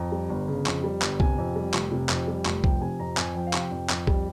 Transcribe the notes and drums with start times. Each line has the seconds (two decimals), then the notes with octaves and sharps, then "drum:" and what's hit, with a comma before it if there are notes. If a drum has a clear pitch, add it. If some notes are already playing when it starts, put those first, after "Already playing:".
Already playing: F2 A#5
0.12 G3
0.29 G1
0.48 C#3
0.66 F2, drum: clap
0.84 G3
1.02 G1, drum: clap
1.20 C3 G#5, drum: kick B1
1.38 F2
1.56 G3
1.74 F1, drum: clap
1.92 C3
2.09 F2, drum: clap
2.28 G3
2.45 F1, drum: clap
2.64 F3 G5, drum: kick B1
2.81 C3 G#5
2.99 F2 A#5
3.17 F2 G#5, drum: clap
3.35 F3 G5
3.47 F5
3.53 C3, drum: clap
3.59 G5
3.71 F2
3.90 F2, drum: clap
4.07 G3, drum: kick B1